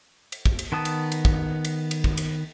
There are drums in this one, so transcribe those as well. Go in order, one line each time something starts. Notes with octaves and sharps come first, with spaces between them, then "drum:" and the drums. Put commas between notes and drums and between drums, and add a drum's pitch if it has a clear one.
drum: cymbal
drum: kick
drum: cymbal
D#3 B3 A5 D#6
drum: cymbal
drum: cymbal
drum: kick
drum: cymbal
drum: cymbal
drum: kick
drum: cymbal